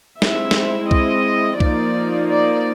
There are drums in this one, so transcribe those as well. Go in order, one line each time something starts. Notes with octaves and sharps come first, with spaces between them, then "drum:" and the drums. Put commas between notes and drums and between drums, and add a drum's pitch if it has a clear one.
G#3 C4 E4 E5, drum: snare
drum: snare
D#5, drum: kick C2
F3 A#3 D#4 D5, drum: kick C2
D5